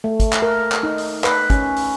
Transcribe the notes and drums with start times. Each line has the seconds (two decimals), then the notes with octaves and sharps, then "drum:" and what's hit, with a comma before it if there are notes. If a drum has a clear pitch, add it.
0.04 A3
0.20 drum: kick, hi-hat
0.33 drum: clap
0.42 A#4
0.72 drum: clap
0.83 D#4
0.98 drum: open hi-hat
1.24 B4, drum: clap
1.50 C#4, drum: kick, hi-hat
1.76 drum: open hi-hat